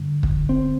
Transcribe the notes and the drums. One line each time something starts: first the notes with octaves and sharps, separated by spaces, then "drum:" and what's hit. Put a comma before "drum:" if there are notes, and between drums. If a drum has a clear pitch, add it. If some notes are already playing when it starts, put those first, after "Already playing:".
Already playing: G2 D3
drum: kick
C4